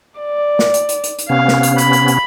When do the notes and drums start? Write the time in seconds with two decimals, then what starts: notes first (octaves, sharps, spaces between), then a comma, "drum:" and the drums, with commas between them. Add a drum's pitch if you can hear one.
0.19 D5
0.59 drum: snare
0.74 drum: hi-hat
0.89 drum: hi-hat
1.04 drum: hi-hat
1.19 drum: hi-hat
1.29 C3 B3 C#4 F5
1.48 drum: snare
1.63 drum: hi-hat
1.78 B5, drum: hi-hat
1.93 drum: hi-hat
2.08 drum: hi-hat